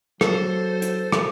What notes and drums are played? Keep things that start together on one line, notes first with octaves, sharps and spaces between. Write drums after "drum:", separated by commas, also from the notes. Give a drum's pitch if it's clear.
F#3 A4 C5, drum: rim click
drum: hi-hat
drum: rim click